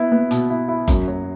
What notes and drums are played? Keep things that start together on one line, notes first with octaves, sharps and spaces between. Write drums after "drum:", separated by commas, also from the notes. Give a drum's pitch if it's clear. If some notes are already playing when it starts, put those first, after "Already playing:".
Already playing: B3 E4
B3
B2, drum: hi-hat
E4
E4
F#2, drum: kick F#1, hi-hat
F#3